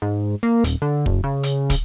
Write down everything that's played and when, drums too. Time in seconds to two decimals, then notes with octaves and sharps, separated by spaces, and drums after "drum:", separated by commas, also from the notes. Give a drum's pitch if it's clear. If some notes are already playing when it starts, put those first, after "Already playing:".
0.02 G#2
0.43 A#3
0.64 D#1, drum: hi-hat
0.82 D3
1.06 F#1, drum: kick
1.24 C#3
1.43 drum: hi-hat
1.70 drum: kick, hi-hat